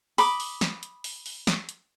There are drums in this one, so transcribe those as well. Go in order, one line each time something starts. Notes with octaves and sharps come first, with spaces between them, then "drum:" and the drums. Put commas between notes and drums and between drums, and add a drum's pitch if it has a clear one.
B5 D6 D#6, drum: open hi-hat
drum: open hi-hat
drum: snare
drum: hi-hat
drum: open hi-hat
drum: open hi-hat
drum: snare
drum: hi-hat